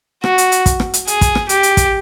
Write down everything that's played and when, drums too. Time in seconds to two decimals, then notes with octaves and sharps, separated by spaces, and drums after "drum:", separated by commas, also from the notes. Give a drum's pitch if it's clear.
0.24 F#4, drum: rim click
0.38 drum: hi-hat
0.52 drum: hi-hat
0.66 drum: kick, hi-hat
0.80 drum: rim click
0.94 drum: hi-hat
1.07 G#4, drum: hi-hat
1.21 drum: kick, hi-hat
1.35 drum: rim click
1.49 G4, drum: hi-hat
1.63 drum: hi-hat
1.77 drum: kick, hi-hat